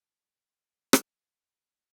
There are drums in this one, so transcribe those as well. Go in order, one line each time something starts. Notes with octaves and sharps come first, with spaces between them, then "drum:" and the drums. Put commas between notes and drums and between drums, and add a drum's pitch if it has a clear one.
G3 A3
drum: rim click